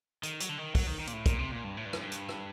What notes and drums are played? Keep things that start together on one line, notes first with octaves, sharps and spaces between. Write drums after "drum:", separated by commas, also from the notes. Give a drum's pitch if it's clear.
D#3, drum: hi-hat
F#3, drum: hi-hat
D3
D#3
F#3, drum: kick, open hi-hat
D#3
D#3
A#2, drum: hi-hat
A2
A#2, drum: kick, hi-hat
C3
A#2
G2
A2
G2
F#2, drum: rim click
G2
drum: hi-hat
drum: rim click